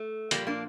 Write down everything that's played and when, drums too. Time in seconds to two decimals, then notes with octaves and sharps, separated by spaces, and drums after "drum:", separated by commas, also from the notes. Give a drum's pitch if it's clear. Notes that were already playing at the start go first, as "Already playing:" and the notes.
Already playing: A3
0.31 A#2 F3 G3 A#3, drum: hi-hat
0.47 A#3 D4